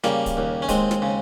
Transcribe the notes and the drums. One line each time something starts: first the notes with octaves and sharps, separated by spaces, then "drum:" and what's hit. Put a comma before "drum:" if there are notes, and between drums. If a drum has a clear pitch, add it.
C#3 G3 A#3, drum: snare
drum: kick D1, hi-hat
D#2
C#4
D#2 G#3 C4, drum: kick D1, hi-hat
drum: snare
C#3